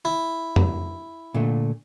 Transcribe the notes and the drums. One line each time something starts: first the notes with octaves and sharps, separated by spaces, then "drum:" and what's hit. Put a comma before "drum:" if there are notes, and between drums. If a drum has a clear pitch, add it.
E4
drum: tom
A#2 D3 A3